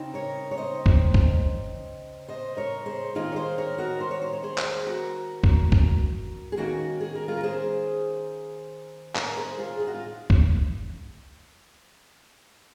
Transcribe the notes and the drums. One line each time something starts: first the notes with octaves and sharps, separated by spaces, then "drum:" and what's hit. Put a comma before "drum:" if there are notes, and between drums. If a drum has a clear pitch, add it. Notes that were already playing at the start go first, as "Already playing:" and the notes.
Already playing: C#3 C4 D#4
A#4 C#5
C#5
C5 D#5
drum: kick
drum: kick
C5 D#5
A#4 C#5
G#4 C5
D#3 A#3 D#4 F4 G#4
C#5
G#4 C5
A#4 C#5
F#4 A#4
C5
C#5
C5
C#5
G#4 C5
drum: clap
F#4 A#4
drum: kick
drum: kick
G#4
D#3 A#3 C#4 F#4
G#4
A#4
F4 G#4
A#4
G#4 C5
A#4 C#5, drum: clap
G#4 C5
F4 G#4
G#4
F#4
F4
drum: kick